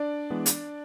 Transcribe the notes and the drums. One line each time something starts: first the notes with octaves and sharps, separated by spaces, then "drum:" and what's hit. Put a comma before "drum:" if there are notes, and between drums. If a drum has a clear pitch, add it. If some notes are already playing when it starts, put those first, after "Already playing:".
Already playing: D4 D5
E3 G#3 B3
drum: hi-hat